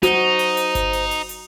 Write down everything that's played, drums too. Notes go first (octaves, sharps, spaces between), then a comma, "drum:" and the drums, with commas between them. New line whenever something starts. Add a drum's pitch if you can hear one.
D#4 F#4 C5, drum: hi-hat
drum: open hi-hat
drum: hi-hat
drum: kick G1, hi-hat
drum: open hi-hat
drum: open hi-hat
drum: hi-hat